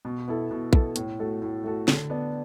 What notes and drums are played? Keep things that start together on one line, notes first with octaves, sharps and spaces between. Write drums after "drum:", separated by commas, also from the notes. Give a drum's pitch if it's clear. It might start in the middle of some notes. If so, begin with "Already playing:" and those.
B2
B3 E4 A4
B2
B3 E4 A4, drum: kick
A2, drum: hi-hat
A3 F#4 A4
A2
A3 F#4 A4
D3, drum: snare
B3 D4